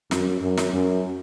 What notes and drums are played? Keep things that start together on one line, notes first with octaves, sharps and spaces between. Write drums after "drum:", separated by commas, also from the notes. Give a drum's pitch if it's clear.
F#2, drum: snare
F#2
drum: snare
F#2